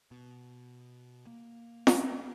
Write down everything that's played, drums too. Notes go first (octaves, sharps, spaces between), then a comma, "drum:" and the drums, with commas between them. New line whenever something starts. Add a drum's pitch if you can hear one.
B2
A#3
drum: snare